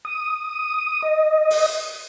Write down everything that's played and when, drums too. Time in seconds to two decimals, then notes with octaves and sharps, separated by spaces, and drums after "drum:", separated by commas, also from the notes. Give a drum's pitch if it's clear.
0.05 D#6
1.02 D#5
1.50 drum: open hi-hat